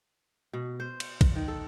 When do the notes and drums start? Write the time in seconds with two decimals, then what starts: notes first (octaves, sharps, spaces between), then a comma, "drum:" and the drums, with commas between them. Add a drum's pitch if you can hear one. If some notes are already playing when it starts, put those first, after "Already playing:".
0.53 B2
0.80 C5
1.00 drum: cymbal
1.21 drum: kick A#1, cymbal
1.35 D#3
1.48 A4